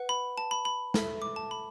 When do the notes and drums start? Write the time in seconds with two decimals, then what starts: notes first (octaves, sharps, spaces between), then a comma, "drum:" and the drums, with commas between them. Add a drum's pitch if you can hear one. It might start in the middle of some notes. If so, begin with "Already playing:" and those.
Already playing: B4 F#5
0.09 B5
0.38 A5
0.51 B5
0.65 B5
0.94 A4 E5, drum: snare
1.22 D6
1.36 A5
1.51 B5